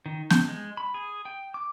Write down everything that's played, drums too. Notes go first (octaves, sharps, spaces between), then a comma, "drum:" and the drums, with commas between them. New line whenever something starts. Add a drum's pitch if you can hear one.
D#3
G6, drum: snare B3
G#3
B5
G#4
G5
D6